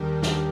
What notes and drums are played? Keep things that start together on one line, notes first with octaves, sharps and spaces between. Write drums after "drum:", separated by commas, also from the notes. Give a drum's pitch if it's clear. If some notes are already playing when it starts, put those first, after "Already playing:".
Already playing: D#2 D#3 G3 D4 G4 A#4
drum: snare